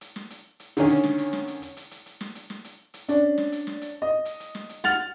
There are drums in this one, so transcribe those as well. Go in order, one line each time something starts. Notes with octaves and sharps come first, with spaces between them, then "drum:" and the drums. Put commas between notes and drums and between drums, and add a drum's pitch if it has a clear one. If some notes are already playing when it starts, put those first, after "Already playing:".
drum: hi-hat
drum: snare
drum: hi-hat
drum: hi-hat
D3 D#3 C#4, drum: hi-hat
drum: hi-hat
drum: snare
drum: hi-hat
drum: snare
drum: hi-hat
drum: hi-hat
drum: hi-hat
drum: hi-hat
drum: hi-hat
drum: snare
drum: hi-hat
drum: snare
drum: hi-hat
drum: hi-hat
C#4 D4, drum: hi-hat
drum: snare
drum: hi-hat
drum: snare
drum: hi-hat
D#5
drum: hi-hat
drum: hi-hat
drum: snare
drum: hi-hat
F#5 F6 A6 F7, drum: snare